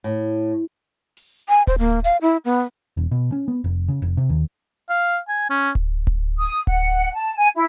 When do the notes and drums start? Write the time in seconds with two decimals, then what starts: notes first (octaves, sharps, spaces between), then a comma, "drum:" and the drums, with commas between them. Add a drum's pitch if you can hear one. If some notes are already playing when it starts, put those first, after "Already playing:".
0.04 A2
1.17 drum: open hi-hat
1.49 G#5
1.67 C5, drum: kick D1
1.79 A#3
2.04 F5, drum: hi-hat
2.21 E4
2.45 B3
2.97 E1
3.11 B2
3.32 C#4
3.48 B3
3.64 F1
3.88 C#3
4.02 F1
4.17 C3
4.29 D#2
4.89 F5
5.29 G#5
5.50 C#4
5.75 drum: kick D1
6.07 drum: kick D1
6.38 D#6
6.67 F#5, drum: kick D1
7.14 A5
7.36 G#5
7.54 E4